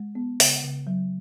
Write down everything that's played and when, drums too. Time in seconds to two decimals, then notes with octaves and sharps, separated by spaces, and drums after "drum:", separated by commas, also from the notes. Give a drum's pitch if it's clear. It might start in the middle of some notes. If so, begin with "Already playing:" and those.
Already playing: G#3
0.15 B3
0.40 C#3, drum: open hi-hat
0.64 C#3
0.87 F#3